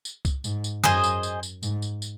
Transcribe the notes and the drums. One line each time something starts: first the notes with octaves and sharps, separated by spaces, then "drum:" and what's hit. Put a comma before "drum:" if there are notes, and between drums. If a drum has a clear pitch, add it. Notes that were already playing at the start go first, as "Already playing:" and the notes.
drum: tambourine
drum: kick C2, tambourine
G#2, drum: tambourine
drum: tambourine
F#2 G#4 C5 D#5 G#5, drum: snare
drum: tambourine
drum: tambourine
drum: tambourine
G#2, drum: tambourine
drum: tambourine
drum: tambourine